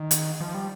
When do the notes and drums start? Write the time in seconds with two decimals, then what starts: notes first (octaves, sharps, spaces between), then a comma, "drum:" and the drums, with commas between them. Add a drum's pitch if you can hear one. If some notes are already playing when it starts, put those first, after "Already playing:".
Already playing: D#3
0.11 drum: hi-hat
0.40 F3
0.54 G3